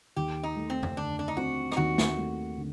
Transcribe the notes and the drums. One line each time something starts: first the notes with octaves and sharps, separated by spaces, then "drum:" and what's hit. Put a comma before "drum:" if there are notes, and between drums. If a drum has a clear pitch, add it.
D#2 G4
D#4
A3
C4
drum: tom F2
D3 D4
D4
D#4
C4 F#4
D#4, drum: rim click
D#2 F#4
drum: snare
A3
D3